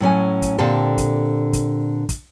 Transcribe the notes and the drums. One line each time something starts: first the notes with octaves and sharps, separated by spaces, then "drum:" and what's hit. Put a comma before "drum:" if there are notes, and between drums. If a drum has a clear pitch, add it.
A2 F#3 C#4 G#5
drum: kick, hi-hat
A#2 D3 C4 G4 A4 A5
drum: kick, hi-hat
drum: kick, hi-hat
drum: kick, hi-hat